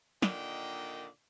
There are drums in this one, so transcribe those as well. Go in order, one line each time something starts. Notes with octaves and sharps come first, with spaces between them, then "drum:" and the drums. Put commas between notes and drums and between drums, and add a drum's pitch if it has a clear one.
A#2 D3 D#3 D5 D#5 G5, drum: snare